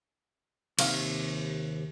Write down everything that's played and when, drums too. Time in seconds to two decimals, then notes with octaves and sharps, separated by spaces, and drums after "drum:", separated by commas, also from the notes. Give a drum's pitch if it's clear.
0.79 D#2 C3 F5, drum: cymbal